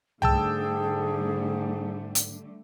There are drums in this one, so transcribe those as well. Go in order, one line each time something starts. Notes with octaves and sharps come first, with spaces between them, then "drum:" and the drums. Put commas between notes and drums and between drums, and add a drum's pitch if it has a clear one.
G#2 D3 G3 A3 G#4 G5 A5 E6, drum: tom C2
drum: hi-hat